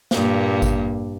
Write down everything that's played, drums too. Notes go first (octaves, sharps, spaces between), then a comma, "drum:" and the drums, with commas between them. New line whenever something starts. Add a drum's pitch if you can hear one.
G2 A#2 A#3, drum: snare
drum: kick G#1, tambourine